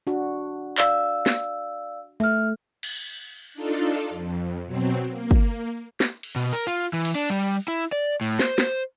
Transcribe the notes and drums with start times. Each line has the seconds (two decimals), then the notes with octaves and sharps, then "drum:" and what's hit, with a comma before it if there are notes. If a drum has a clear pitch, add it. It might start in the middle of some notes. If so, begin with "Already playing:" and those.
0.07 D4 F#4
0.78 D5 F5 E6, drum: clap
1.26 drum: snare
2.20 A3 E5 F6
2.83 drum: cymbal
3.54 D4 D#4 F4 A4
4.10 F2
4.66 B2 F#3 C4
5.10 A#3
5.31 drum: kick
6.00 drum: snare
6.23 drum: cymbal
6.36 B2
6.53 A#4
6.67 F4
6.93 E3
7.05 drum: cymbal
7.15 D4
7.30 G3
7.68 E4
7.92 D5
8.21 A2
8.39 C5, drum: snare
8.58 drum: snare